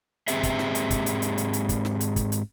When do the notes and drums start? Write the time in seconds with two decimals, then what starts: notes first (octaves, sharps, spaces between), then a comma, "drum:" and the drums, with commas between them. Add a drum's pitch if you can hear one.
0.28 G#2 C4 G4 G#4 E5, drum: hi-hat
0.43 drum: kick, hi-hat
0.59 drum: snare
0.75 drum: hi-hat
0.91 drum: kick, hi-hat
1.06 drum: hi-hat
1.22 drum: hi-hat
1.38 drum: hi-hat
1.53 drum: hi-hat
1.69 drum: kick, hi-hat
1.85 drum: snare
2.00 drum: hi-hat
2.16 drum: kick, hi-hat
2.32 drum: hi-hat